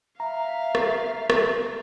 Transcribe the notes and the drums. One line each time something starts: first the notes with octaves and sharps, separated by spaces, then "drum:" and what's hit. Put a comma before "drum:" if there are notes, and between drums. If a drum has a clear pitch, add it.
E5 F5 A#5
drum: rim click
drum: rim click